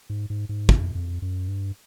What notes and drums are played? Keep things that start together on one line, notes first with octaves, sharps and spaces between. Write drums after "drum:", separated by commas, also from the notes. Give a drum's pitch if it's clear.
G#2
G#2
G#2
F2, drum: kick
F2
F#2
G2